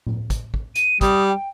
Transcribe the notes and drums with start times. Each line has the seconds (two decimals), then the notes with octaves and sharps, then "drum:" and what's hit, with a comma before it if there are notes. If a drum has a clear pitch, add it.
0.07 drum: tom A2
0.30 drum: kick, hi-hat
0.54 drum: kick
0.75 D#7, drum: hi-hat
1.01 G3 D#6, drum: kick, hi-hat
1.29 G5